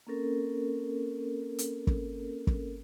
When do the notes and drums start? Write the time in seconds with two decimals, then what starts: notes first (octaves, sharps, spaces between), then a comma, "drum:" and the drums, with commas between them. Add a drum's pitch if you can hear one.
0.07 A#3 C4 C#4 A4 A#4
1.59 drum: hi-hat
1.87 drum: kick
2.47 drum: kick